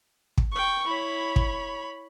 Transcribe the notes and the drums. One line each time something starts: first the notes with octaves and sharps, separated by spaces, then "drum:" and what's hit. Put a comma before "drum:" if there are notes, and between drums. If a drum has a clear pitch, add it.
drum: kick
G5 C#6
E4 C#5 B5
drum: kick